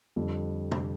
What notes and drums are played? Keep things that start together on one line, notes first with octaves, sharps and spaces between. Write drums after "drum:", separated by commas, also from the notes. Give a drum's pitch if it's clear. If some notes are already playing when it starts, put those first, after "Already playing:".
F2 D3 G3
drum: tom